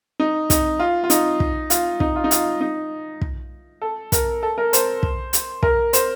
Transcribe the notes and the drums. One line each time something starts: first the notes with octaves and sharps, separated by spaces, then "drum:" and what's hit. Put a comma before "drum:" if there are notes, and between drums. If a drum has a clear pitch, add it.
D#4
D#4, drum: kick, hi-hat
F4
F4
D#4, drum: hi-hat
drum: kick
F4, drum: hi-hat
D#4, drum: kick
F4
D#4
F4, drum: hi-hat
D#4
drum: kick
A4
A#4, drum: kick, hi-hat
A4
A#4
C5, drum: hi-hat
drum: kick
drum: hi-hat
A#4, drum: kick
C5, drum: hi-hat